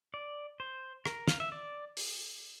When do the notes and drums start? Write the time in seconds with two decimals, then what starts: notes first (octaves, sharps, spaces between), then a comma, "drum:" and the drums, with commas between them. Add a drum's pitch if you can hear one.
0.14 D5
0.60 C5
1.05 A#4, drum: rim click
1.28 F5, drum: snare
1.40 E5
1.52 D5
1.97 drum: open hi-hat